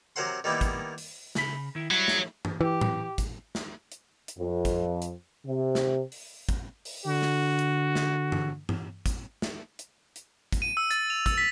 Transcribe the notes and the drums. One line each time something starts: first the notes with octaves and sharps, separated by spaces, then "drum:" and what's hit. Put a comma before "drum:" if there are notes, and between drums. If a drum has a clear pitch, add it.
C3 F#3 A#4 C5 F#5 C6
D#3 G3 A#3 B3 D#4 E4
drum: kick, hi-hat
drum: open hi-hat
C#3 B5, drum: snare
D#3 E4
F#3 G3 E4
drum: snare
drum: tom
E3 G4
drum: tom A2
drum: kick, hi-hat
drum: snare
drum: hi-hat
drum: hi-hat
F2
drum: kick, hi-hat
drum: hi-hat
C3
drum: snare
drum: open hi-hat
drum: kick, hi-hat
drum: open hi-hat
D3 F#4
drum: snare
drum: hi-hat
drum: snare
drum: tom
drum: tom
drum: kick, hi-hat
drum: snare
drum: hi-hat
drum: hi-hat
drum: kick, hi-hat
D#7
E6
A6, drum: hi-hat
F7
E6, drum: kick, hi-hat
B6